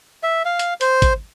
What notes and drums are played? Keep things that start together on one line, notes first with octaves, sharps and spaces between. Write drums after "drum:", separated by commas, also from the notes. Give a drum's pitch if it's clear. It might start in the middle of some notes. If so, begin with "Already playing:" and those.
E5
F5
drum: hi-hat
C5, drum: hi-hat
drum: kick, hi-hat